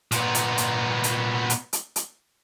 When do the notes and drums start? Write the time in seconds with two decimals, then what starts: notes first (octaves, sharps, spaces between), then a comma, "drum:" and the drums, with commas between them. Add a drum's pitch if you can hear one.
0.12 A#2 B3, drum: hi-hat
0.35 drum: hi-hat
0.58 drum: hi-hat
1.04 drum: hi-hat
1.50 drum: hi-hat
1.73 drum: hi-hat
1.96 drum: hi-hat